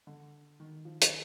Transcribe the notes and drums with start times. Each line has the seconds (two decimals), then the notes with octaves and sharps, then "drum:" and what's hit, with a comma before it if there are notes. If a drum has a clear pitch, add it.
0.07 D3
0.60 D#3
0.85 F3
1.02 drum: hi-hat